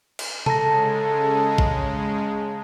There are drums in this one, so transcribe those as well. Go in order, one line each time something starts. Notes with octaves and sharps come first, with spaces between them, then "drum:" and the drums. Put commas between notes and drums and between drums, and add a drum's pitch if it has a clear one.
drum: cymbal
C#3 G#3 A4 A5 A#5 A#6, drum: tom C3
drum: kick